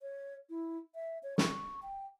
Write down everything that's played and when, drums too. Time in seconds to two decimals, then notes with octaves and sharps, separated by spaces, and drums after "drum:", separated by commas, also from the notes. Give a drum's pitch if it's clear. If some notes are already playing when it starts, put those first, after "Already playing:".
0.02 C#5
0.50 E4
0.95 E5
1.23 C#5
1.38 C#6, drum: snare
1.83 G5